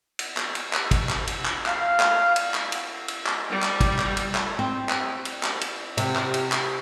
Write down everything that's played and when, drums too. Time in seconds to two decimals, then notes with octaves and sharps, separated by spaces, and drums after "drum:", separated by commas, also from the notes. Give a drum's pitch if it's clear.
0.19 drum: cymbal
0.37 drum: clap
0.55 drum: cymbal
0.73 drum: clap
0.91 drum: kick, cymbal
1.09 drum: clap
1.27 drum: cymbal
1.45 drum: clap
1.66 F5, drum: clap
2.00 drum: clap
2.36 drum: cymbal
2.54 drum: clap
2.72 drum: cymbal
3.08 drum: cymbal
3.26 drum: clap
3.50 G3
3.62 drum: clap
3.80 drum: kick, cymbal
3.99 drum: clap
4.17 drum: cymbal
4.35 drum: clap
4.59 C4
4.89 drum: clap
5.25 drum: cymbal
5.43 drum: clap
5.61 drum: cymbal
5.97 C3, drum: cymbal
6.16 drum: clap
6.34 drum: cymbal
6.52 drum: clap